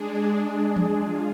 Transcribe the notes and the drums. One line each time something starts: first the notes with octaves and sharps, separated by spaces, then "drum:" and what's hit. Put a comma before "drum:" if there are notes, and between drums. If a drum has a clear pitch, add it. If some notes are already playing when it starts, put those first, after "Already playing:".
Already playing: G#3 D4 G#4
drum: tom E3
F4